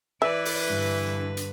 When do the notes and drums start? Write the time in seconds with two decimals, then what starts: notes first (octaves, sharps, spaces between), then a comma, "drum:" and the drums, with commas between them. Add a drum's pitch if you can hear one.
0.22 E3 B4 D5 E5
0.45 drum: open hi-hat
0.68 G2 D3
1.37 drum: hi-hat